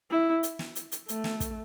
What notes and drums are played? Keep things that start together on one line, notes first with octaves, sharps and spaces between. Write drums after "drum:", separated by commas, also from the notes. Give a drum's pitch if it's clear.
E4
drum: hi-hat
drum: snare
drum: hi-hat
drum: hi-hat
A3, drum: hi-hat
drum: snare
drum: kick, hi-hat